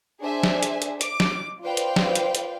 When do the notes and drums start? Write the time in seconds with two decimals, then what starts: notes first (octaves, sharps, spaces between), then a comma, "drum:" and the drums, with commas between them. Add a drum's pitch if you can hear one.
0.21 D4 G#4 C5 E5 G#5
0.43 drum: snare
0.63 drum: hi-hat
0.82 drum: hi-hat
1.01 D6, drum: hi-hat
1.20 drum: snare
1.62 F4 B4 C5 D5 F5 G5
1.77 drum: hi-hat
1.96 drum: snare
2.15 drum: hi-hat
2.35 drum: hi-hat